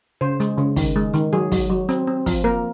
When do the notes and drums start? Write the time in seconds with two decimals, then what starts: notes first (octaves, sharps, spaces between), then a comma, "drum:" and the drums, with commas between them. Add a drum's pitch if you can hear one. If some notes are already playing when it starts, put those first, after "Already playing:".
0.21 C#3 C5
0.40 G#3, drum: hi-hat
0.58 C#3
0.76 D#3, drum: kick, open hi-hat
0.96 G#3
1.14 D#3, drum: hi-hat
1.33 F#3 G#4
1.52 F#3, drum: kick, open hi-hat
1.70 F#3
1.89 C4, drum: hi-hat
2.07 C4
2.26 F3, drum: kick, open hi-hat
2.44 A#3 A#4